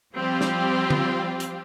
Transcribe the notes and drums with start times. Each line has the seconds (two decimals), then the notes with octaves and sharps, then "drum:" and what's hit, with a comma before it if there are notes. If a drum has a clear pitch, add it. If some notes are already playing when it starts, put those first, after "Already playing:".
0.16 F3 G3 C4 F4 G4
0.41 drum: snare
0.90 drum: tom
1.40 drum: hi-hat